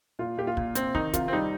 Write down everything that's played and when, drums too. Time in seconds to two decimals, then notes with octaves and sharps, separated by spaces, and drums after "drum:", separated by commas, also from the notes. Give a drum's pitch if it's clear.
0.19 A#2 F4
0.38 A#2 G4
0.47 F4
0.57 A#2, drum: kick
0.75 C3 C4, drum: hi-hat
0.95 D#3 D#4, drum: kick
1.13 C3 F4, drum: kick, hi-hat
1.28 C4
1.32 G3 D#4